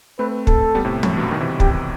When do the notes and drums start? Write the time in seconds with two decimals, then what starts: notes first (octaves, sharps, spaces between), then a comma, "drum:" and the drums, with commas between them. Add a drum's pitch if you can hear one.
0.19 A3 C4 B4
0.47 A4, drum: kick
0.75 G3 B3
0.85 A2 C3
1.03 F#2 A2, drum: tom
1.17 G2 B2
1.31 B2 D#3
1.40 C3 E3
1.60 G4, drum: kick